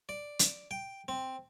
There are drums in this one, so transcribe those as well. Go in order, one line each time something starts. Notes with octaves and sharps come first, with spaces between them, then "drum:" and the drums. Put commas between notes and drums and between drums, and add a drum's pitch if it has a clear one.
D5
drum: hi-hat
G5
C4